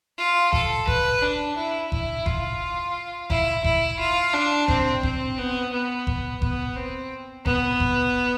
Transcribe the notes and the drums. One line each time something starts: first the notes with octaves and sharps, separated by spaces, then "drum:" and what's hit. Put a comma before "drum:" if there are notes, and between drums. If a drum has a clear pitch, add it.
F4
A4, drum: kick F#1
B4, drum: kick F#1
D4
E4
E4, drum: kick F#1
F4, drum: kick F#1
E4, drum: kick F#1
E4, drum: kick F#1
F4
D4
C4, drum: kick F#1
C4, drum: kick F#1
B3
B3
drum: kick F#1
B3, drum: kick F#1
C4
B3, drum: kick F#1
drum: kick F#1